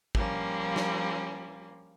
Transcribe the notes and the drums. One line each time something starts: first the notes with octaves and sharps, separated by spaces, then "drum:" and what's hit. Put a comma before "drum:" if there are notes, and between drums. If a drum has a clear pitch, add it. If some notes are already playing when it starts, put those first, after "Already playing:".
F3 G3 A#3 C#4, drum: kick
drum: snare